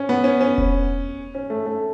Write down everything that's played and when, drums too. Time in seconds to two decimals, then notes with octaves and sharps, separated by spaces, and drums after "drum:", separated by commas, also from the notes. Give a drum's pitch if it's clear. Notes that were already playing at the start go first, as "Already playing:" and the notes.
Already playing: C#4
0.09 B3
0.24 C#4
0.41 C#4
0.58 drum: kick E1
1.35 C#4
1.50 A3
1.66 A3